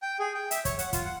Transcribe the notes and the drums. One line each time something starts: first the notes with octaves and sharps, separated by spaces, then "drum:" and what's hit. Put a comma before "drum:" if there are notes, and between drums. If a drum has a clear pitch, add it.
G5
G#4
G5
E5, drum: hi-hat
C#5, drum: kick, hi-hat
F#5, drum: hi-hat
F4, drum: kick, hi-hat
F#5